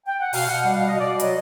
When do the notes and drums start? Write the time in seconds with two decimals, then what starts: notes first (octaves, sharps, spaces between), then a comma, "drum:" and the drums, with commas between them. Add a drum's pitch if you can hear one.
0.06 G5
0.19 F#5
0.33 B2 F5, drum: open hi-hat
0.47 B2 F#5
0.62 G3 F#5
0.76 B2 F5
0.87 B2 D#5
0.99 D5
1.05 B2
1.20 F#3 D#5, drum: hi-hat